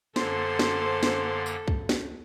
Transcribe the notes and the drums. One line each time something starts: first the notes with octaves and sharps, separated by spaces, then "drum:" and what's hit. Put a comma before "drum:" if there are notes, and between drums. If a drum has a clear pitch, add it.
F#2 D3 A#3 A4 C5 C6, drum: snare
drum: snare
drum: snare
drum: tambourine
drum: kick
drum: snare